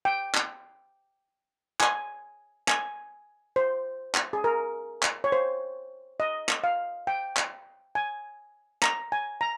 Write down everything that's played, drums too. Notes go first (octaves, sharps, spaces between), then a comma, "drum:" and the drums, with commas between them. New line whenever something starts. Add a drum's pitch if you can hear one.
G5
drum: clap
G#5, drum: clap
G#5, drum: clap
C5
drum: clap
G#4
A#4
drum: clap
C#5
C5
D#5
drum: clap
F5
G5
drum: clap
G#5
A#5, drum: clap
G#5
A#5